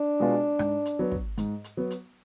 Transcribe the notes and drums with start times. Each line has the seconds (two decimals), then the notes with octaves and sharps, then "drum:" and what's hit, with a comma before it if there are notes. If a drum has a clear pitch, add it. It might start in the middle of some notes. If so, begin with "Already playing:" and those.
Already playing: D4
0.20 B2 G#3 B3 F4
0.59 G#2, drum: rim click
0.85 drum: hi-hat
0.99 F#3 B3
1.12 drum: kick
1.38 G#2, drum: hi-hat
1.64 drum: hi-hat
1.77 F#3 B3
1.91 drum: hi-hat